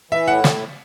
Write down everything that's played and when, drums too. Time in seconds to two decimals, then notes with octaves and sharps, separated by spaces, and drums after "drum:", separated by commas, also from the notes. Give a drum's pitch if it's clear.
0.11 E3 E5
0.28 A2 F#5
0.44 drum: snare